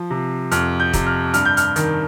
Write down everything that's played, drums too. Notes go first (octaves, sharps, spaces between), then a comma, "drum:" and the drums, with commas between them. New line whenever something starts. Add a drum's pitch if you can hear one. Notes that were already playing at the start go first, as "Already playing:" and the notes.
Already playing: F3
C3
F2 F6, drum: hi-hat
G6
C3, drum: kick, hi-hat
F6
G2 F6, drum: hi-hat
G6
F6, drum: hi-hat
D#3, drum: hi-hat